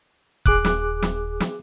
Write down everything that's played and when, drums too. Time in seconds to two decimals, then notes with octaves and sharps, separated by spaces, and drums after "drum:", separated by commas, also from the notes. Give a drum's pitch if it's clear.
0.46 D#1 G#4 D6 F#6, drum: kick G1
0.65 drum: snare
1.02 drum: snare
1.40 drum: snare